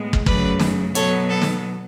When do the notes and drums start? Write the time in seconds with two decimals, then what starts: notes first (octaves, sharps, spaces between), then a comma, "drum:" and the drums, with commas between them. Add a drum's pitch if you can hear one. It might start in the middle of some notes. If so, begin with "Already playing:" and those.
Already playing: A2 G#3 B3
0.13 drum: kick
0.26 F#2 C#3 F#3 A3 B4 D5, drum: kick
0.60 drum: snare
0.95 B2 F#3 B3 A4 C#5, drum: hi-hat
1.30 A4
1.42 drum: snare